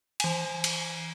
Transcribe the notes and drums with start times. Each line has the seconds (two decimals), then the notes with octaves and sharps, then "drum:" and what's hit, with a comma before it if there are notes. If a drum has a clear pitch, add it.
0.20 E3 G#5, drum: cymbal
0.64 drum: cymbal